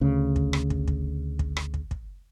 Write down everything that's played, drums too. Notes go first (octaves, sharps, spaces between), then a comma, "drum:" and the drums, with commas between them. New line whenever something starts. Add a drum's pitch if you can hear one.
D2 C#3
drum: kick
drum: rim click
drum: kick
drum: kick
drum: kick
drum: rim click
drum: kick
drum: kick